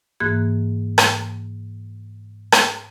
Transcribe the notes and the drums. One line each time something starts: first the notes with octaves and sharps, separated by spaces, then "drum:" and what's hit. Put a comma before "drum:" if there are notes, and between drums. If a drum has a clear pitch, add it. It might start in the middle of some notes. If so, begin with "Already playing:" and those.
G#2 E3 A#3 F#6 G#6
drum: rim click
drum: rim click